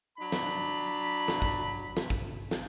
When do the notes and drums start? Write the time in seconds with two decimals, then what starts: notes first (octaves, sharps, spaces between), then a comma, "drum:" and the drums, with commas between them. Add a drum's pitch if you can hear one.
0.19 F#3 D4 B5
0.32 drum: snare
1.28 drum: snare
1.42 drum: kick
1.97 drum: snare
2.10 drum: kick
2.51 drum: snare